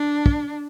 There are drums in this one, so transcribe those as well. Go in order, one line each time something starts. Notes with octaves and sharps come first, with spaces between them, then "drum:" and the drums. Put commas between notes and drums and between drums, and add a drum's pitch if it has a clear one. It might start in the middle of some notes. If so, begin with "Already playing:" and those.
Already playing: D4
drum: kick